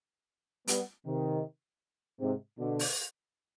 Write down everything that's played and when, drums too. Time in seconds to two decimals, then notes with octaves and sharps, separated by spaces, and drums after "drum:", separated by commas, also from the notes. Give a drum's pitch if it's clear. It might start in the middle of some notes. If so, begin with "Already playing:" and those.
0.68 G3 B3, drum: hi-hat
1.06 C3 D#3
2.20 G#2 C3
2.59 B2 D3
2.79 drum: open hi-hat